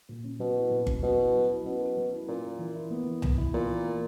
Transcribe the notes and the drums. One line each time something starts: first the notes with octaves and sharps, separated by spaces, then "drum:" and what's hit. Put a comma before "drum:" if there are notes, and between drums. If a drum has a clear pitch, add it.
A#2
C#4
B2 F#3
E4
A#2
C#4, drum: kick G1
B2 F#3
E4
F#3
E4
B2 C#4
A#4
F#3
E4
A#2 C#4
A#4
E3
E4
B3
E3
E3, drum: tom C2
E4
A#2 B3
E3
A#3